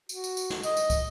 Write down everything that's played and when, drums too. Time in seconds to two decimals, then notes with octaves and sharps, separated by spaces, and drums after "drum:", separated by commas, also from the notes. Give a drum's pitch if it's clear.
0.09 F#4, drum: tambourine
0.24 drum: tambourine
0.37 drum: tambourine
0.50 drum: snare
0.63 D#5, drum: tambourine
0.77 drum: tambourine
0.90 drum: kick, tambourine